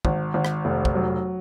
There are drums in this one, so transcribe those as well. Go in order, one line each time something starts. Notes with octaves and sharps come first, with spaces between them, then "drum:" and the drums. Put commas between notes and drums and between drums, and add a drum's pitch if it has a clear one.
G#1, drum: kick
G#1
drum: rim click
F1
drum: kick
F#3